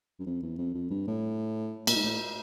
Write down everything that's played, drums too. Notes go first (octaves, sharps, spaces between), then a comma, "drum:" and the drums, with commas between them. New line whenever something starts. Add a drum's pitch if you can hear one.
F#2
F2
E2
F2
F2
G2
A2
A#2, drum: cymbal
G#2
A2